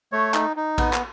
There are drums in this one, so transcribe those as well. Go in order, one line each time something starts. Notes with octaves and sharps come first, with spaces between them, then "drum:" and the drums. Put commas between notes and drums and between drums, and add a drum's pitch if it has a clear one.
A3 C#5
D#4, drum: clap
D#4
B3, drum: kick A#1, cymbal
drum: clap